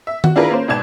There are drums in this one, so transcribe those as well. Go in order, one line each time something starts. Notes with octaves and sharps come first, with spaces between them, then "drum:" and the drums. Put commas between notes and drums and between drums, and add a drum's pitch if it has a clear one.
E5
F#4, drum: tom D#3
D4 E4 F4 G#4 A#4 B4
A#3 C#4 C5
G#2 B2 D5 G#6 E7